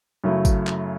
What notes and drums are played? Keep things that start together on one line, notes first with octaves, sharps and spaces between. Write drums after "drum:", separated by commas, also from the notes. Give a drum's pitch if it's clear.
F#2 C#3 F#3 A3 E4
drum: kick G#1, tambourine
drum: clap